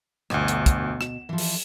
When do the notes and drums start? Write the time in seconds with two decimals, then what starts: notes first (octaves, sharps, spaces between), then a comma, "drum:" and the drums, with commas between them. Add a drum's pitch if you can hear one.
0.30 G1 D2 B2, drum: rim click
0.48 drum: hi-hat
0.66 drum: kick, hi-hat
1.01 E7, drum: rim click
1.29 E3 F3
1.38 drum: open hi-hat